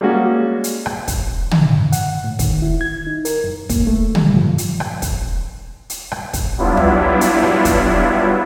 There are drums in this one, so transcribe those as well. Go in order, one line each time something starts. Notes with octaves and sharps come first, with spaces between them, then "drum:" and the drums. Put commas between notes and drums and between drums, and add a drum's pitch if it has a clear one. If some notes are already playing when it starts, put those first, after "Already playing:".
G3 G#3 A#3 C#4 F#4
drum: hi-hat
drum: rim click
drum: kick, hi-hat
drum: tom
F#5, drum: hi-hat
A2
D#3, drum: kick, hi-hat
E4
G#6
D#4
A#4, drum: hi-hat
F#2
A#3, drum: kick, hi-hat
A3
G3, drum: tom
F3
drum: hi-hat
drum: rim click
drum: kick, hi-hat
drum: hi-hat
drum: rim click
drum: kick, hi-hat
F#3 G3 B3 D4 E4 F4
drum: tom
drum: hi-hat
drum: rim click
drum: kick, hi-hat